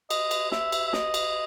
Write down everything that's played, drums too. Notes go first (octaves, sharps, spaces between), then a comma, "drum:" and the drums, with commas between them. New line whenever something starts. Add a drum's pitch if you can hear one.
D#5, drum: cymbal
drum: cymbal
E5, drum: snare
drum: cymbal
E5
D#5, drum: snare
drum: cymbal